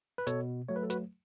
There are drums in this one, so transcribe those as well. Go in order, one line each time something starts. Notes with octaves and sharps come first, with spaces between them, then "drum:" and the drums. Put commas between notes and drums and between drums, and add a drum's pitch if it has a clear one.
B4
B2 A4 C#5, drum: hi-hat
F#3 A3 C#5
B4
A4
F#4 B4, drum: hi-hat